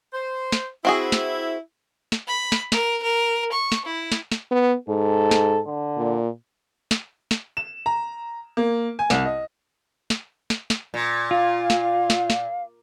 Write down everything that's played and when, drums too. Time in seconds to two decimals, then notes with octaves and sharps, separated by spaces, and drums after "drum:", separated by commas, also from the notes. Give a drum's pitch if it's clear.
0.13 C5
0.52 drum: snare
0.85 C4 E4 F#4 G#4
1.12 drum: snare
2.12 drum: snare
2.27 B5
2.52 drum: snare
2.72 A#4, drum: snare
3.03 A#4
3.52 C#6
3.72 drum: snare
3.85 E4
4.12 drum: snare
4.32 drum: snare
4.51 B3
4.88 G#2 A4
5.31 drum: snare
5.67 D3
5.97 A#2
6.91 drum: snare
7.31 drum: snare
7.57 E7
7.86 A#5
8.57 A#3
8.99 G#5
9.10 C2, drum: snare
9.26 D#5
10.10 drum: snare
10.50 drum: snare
10.70 drum: snare
10.94 A#2
11.31 F4 F5
11.70 drum: snare
12.10 drum: snare
12.30 drum: snare